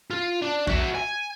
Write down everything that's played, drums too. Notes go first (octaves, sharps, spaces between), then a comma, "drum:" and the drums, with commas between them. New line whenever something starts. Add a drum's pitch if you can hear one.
F4
D4
F#4 E5, drum: kick A#1
G#5